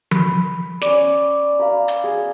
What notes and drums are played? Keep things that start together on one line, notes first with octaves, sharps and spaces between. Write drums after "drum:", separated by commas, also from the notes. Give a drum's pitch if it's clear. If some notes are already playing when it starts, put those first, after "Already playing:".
B4, drum: tom F3
C#4 D5, drum: snare
F5 A#5 B5
drum: hi-hat
G#4